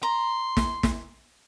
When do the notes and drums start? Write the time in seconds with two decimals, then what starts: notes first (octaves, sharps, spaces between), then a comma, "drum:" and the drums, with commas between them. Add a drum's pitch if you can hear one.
0.03 A#5 C6
0.57 drum: snare
0.83 drum: snare